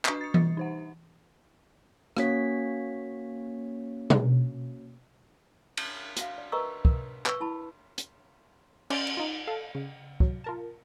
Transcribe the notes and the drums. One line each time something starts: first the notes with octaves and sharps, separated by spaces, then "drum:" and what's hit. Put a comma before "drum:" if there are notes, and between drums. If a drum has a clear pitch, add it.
D4 B4 C#6 D#6 C7, drum: clap
A6 C#7
G3, drum: tom E3
D#4 C5 F#5
A#3 C#4 F#4 C#5 B6, drum: rim click
drum: tom B2
drum: cymbal
F#4 E5 F5, drum: hi-hat
D5
A#4 B4 D#5 A#5 C#6 E6
A#4, drum: kick
B4 C#6 E6, drum: clap
E4 A5 B5
drum: hi-hat
C#4 D5 A5 C6 G6 A6, drum: cymbal
drum: cymbal
D#4 F4
A4 F5 A5
C#3
F#3, drum: kick
F4 A#4 A5